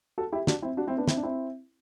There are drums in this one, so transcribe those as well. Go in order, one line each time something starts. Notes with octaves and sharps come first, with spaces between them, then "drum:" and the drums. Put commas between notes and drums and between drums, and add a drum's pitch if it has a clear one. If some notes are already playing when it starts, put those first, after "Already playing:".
F#4 A4
E4 G4
D4 F#4, drum: snare
C4 E4
D4 F#4
C4 E4
B3 D4
C4 E4, drum: snare
D4
C4 E4